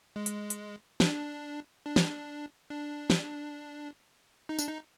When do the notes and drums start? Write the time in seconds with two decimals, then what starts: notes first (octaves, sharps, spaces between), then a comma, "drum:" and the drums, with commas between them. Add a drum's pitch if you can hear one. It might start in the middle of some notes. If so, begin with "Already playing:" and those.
0.16 G#3
0.26 drum: hi-hat
0.50 drum: hi-hat
1.00 D4, drum: snare
1.86 D4
1.96 drum: snare
2.70 D4
3.10 drum: snare
4.49 D#4
4.59 D4, drum: tambourine
4.68 D#4